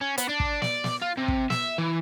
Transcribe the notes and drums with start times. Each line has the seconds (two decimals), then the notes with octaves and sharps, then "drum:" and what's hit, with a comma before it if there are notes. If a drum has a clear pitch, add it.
0.01 C#4
0.18 B3, drum: hi-hat
0.29 D4
0.40 drum: kick
0.62 D5, drum: snare
0.84 drum: snare
1.02 F4
1.17 C3
1.28 drum: kick
1.50 E5, drum: snare
1.78 E3